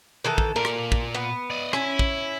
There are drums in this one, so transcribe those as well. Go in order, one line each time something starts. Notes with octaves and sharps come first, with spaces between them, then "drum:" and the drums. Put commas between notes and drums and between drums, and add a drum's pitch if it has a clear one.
D#3 E3 A4
drum: kick
A#2 A#4 D5
drum: rim click
drum: kick
B3
D5 D#5
C#4 E4, drum: rim click
drum: kick